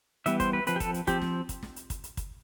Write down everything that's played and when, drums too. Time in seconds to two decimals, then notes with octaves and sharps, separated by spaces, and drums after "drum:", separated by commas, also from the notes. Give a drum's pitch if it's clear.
0.26 E3 G3 B3 E5, drum: hi-hat
0.40 C5, drum: kick, hi-hat
0.53 B4
0.67 F3 C4 B4, drum: hi-hat
0.76 G4
0.80 A4, drum: kick, hi-hat
0.94 drum: hi-hat
1.07 F3 C4 G4, drum: kick, hi-hat
1.22 drum: snare
1.49 drum: kick, hi-hat
1.63 drum: snare
1.76 drum: hi-hat
1.90 drum: kick, hi-hat
2.04 drum: hi-hat
2.17 drum: kick, hi-hat